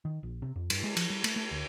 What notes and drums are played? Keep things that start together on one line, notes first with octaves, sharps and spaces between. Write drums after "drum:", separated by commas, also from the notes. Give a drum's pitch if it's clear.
D#3
A#1
C3
F2
G2, drum: cymbal
G#3
F3, drum: cymbal
G3
A3, drum: cymbal
A3
D2